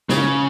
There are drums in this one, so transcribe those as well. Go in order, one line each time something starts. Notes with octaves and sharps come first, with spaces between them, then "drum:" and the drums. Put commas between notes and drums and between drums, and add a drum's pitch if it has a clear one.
C#3, drum: snare